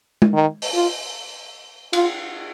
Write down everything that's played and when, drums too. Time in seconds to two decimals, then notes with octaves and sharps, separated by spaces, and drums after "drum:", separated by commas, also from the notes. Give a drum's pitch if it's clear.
0.22 drum: tom G#3
0.34 D#3
0.62 drum: open hi-hat
0.74 F4
1.93 F4, drum: cymbal